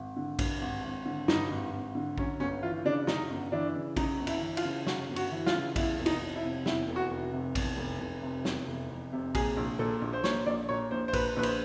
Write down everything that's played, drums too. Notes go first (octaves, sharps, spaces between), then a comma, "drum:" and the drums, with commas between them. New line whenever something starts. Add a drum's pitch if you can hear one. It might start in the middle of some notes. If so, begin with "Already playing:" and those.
Already playing: G#1
D3
G2, drum: kick A#1, cymbal
G#1
G#1
D3
G2 D#4, drum: snare
G#1
G#1
D3
F#2 C#4, drum: kick A#1
G1 C#4
E3 F4
C#3 D4
F#2 D#4, drum: snare
G1
E3 D4
C#3
F#2 D#4, drum: kick A#1, cymbal
G1
E4, drum: cymbal
E3
F4, drum: cymbal
C#3
F#2 F#4, drum: snare
G1
F#4, drum: cymbal
E3
F4, drum: snare
C#3
E2 E4, drum: kick A#1, cymbal
F1
D#4, drum: cymbal
F1
E4
C3
E2 E4, drum: snare
F1
F#4
F1
C3
E2, drum: kick A#1, cymbal
F1
F1
C3
E2, drum: snare
F1
F1
C3
A#2 G#4, drum: kick A#1, cymbal
A#1
A#2 A4
A#1
C5
A#2 C#5, drum: snare
A#1 D5
A#2 C#5
A#1 C5
C5
A#2 B4, drum: kick A#1, cymbal
A#1 B4
C5, drum: cymbal